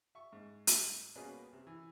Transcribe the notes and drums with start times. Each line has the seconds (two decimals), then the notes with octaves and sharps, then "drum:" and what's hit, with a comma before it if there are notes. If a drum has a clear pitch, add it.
0.15 E5 C#6
0.32 G#2
0.67 drum: hi-hat
1.15 B2 G3 A#3 C#4 G#4 B4
1.53 C3
1.67 E3